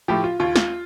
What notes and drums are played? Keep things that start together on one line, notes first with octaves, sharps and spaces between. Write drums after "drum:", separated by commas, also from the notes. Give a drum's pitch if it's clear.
A2 F3 G4
F4
D#2 F4
drum: snare